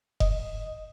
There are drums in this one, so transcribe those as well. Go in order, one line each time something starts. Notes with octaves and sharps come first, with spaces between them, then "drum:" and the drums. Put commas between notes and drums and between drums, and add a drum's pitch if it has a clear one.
D#5, drum: kick F1